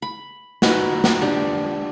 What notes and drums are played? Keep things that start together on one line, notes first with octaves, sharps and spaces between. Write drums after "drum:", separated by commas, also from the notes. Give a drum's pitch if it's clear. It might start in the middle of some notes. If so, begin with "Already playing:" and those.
B5
D#4 F#4 B4 D#5, drum: snare
drum: snare
D4 G4